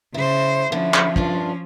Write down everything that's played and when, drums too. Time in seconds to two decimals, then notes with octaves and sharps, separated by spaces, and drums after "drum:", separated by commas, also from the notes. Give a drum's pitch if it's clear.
0.14 C#3 E4 C5
0.72 D3 F3 C#4 E4
0.94 drum: clap
1.16 G2 D4 F4, drum: kick